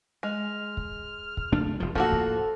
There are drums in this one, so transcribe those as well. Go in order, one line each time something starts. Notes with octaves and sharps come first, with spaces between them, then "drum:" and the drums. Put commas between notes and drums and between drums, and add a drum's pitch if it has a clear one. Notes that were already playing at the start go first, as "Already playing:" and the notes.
G#3 F6
drum: kick
drum: kick
F#1 A3 D4
F1 F3
A2 F3 A#3 F#4 A4, drum: kick
drum: kick